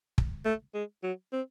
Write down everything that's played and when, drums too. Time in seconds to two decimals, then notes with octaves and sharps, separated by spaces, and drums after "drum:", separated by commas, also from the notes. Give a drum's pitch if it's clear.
0.18 drum: kick
0.45 A3
0.74 G#3
1.03 F#3
1.33 C4